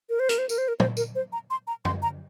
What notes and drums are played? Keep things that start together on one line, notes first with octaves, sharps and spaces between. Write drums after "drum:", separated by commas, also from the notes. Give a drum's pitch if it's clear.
A#4
C5
A#4, drum: hi-hat
C5
A#4, drum: tambourine
C5
A#4
C5, drum: tom
A#4, drum: tambourine
C5
A#5
C6
A#5
C6, drum: tom F#2
A#5